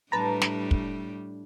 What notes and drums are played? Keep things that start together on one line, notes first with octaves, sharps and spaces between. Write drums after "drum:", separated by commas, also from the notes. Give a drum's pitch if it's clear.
A2 G3 D4 B4 A5 A#5
drum: snare
drum: kick